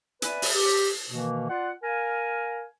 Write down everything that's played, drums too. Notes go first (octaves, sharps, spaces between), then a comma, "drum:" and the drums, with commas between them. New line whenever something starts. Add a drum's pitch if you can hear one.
B4 D5 E5 G#5 B5, drum: hi-hat
drum: open hi-hat
G4
B2 D#3 E3 A#3
F4 D5 F#5
A#4 F5 G#5